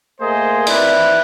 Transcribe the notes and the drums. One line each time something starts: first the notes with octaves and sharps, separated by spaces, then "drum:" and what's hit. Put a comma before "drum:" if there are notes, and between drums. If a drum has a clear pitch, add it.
A3 A#3 G#4 C5 D#5
C4 E4 B4 D5, drum: cymbal